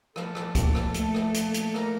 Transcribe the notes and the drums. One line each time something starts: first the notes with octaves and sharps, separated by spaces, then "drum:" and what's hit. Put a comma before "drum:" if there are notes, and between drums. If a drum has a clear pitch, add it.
F3 A4, drum: rim click
drum: rim click
A#2, drum: kick, hi-hat
drum: rim click
A3, drum: hi-hat
drum: rim click
A#2, drum: hi-hat
drum: hi-hat
F3 A#4, drum: rim click